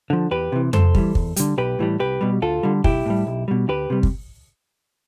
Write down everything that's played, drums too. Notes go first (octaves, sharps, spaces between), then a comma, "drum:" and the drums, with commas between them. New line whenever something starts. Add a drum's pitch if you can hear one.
D3 F3
E2 G4 B4
C3 E3
F2 A4 C5, drum: tom F2
E3 G3, drum: kick
E2, drum: kick
D3 G3, drum: hi-hat
B1 G4 B4
A2 E3 G3
C2 G4 B4
B2 G3
D2 F4 A4
D3 G3
B1 E4 G4, drum: kick
A2 G3
B1
B2 G3
D2 G4 B4
C3 G3
drum: kick